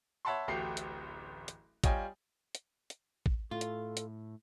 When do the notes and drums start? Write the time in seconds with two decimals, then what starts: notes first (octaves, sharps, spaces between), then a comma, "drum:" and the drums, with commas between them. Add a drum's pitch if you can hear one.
0.25 C#5 E5 F#5 A5 B5 C6
0.48 D1 A1 A3 F#4 G4 C7
0.77 drum: hi-hat
1.48 drum: hi-hat
1.84 G3 F4 C#5 D#5 G5 G#5, drum: kick, hi-hat
2.55 drum: hi-hat
2.90 drum: hi-hat
3.26 drum: kick
3.51 A2 F4 A4
3.61 drum: hi-hat
3.97 drum: hi-hat